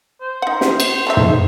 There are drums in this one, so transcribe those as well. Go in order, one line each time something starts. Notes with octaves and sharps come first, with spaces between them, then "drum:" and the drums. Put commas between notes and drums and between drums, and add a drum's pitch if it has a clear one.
C5
D#4 F#5
drum: snare
drum: cymbal
A3 D#4 E5
drum: tom